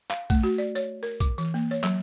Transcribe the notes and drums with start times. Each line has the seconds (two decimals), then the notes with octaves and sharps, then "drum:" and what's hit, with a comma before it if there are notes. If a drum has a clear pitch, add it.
0.10 F5, drum: clap
0.30 A3, drum: kick B1, tambourine
0.43 F#4
0.58 D5
0.75 C#5, drum: tambourine
1.03 A#4
1.20 D6, drum: kick B1, tambourine
1.38 E3, drum: tambourine
1.54 A#3
1.71 C#5
1.83 F#3, drum: clap